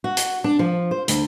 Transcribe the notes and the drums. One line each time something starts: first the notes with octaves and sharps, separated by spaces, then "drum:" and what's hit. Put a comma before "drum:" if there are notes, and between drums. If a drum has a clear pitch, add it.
F#4
drum: hi-hat
D4
F3
C5
D2, drum: hi-hat